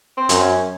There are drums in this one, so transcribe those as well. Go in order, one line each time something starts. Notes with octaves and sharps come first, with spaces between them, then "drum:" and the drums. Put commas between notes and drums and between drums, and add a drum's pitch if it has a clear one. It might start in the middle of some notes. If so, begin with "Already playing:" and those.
C4
F#2, drum: hi-hat
C#4